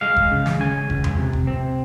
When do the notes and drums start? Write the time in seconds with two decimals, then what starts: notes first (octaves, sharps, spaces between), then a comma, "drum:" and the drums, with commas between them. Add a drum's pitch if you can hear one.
0.01 G#3 F5
0.16 drum: kick F1
0.31 C#3
0.46 drum: snare
0.60 C#3 G#5
0.90 C#2, drum: kick F1
1.04 drum: tom E2
1.19 C3
1.33 drum: kick F1
1.47 C4